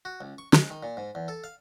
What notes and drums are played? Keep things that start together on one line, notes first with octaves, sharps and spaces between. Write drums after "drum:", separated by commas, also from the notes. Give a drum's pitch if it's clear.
F#4
C#2
C#6
G#3, drum: snare
D#3
A#2
G#2
E2
A4
F5